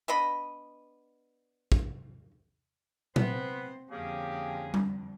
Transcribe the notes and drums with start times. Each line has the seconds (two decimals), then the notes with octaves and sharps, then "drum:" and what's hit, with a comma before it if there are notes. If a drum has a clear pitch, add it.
0.08 B3 D4 D#5 B5
1.72 drum: kick
3.16 B3 C4 C5, drum: tom A#2
3.91 F2 D3 A#3 C#4 G4 G#4
4.74 drum: tom G3